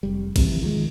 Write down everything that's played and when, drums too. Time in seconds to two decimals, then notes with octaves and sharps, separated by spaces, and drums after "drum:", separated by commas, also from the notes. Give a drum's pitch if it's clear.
0.03 F1 G3
0.36 G#1 C3 E3, drum: kick A#1, cymbal
0.62 D#3 F3 F#3 G#3